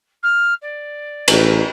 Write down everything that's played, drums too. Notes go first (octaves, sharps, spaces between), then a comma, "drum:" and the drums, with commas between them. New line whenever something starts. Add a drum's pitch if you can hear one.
F6
D5
A1, drum: cymbal